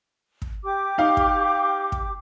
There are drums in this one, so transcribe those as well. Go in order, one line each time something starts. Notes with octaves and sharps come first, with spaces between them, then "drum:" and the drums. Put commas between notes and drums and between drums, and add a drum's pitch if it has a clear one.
drum: kick
G4 D6
D#4 F5
drum: kick
drum: kick